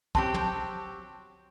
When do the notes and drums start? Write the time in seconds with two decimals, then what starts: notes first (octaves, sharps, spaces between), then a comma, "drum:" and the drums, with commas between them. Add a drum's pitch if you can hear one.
0.15 F#3 C4 G4 A5 C6, drum: kick
0.34 drum: tom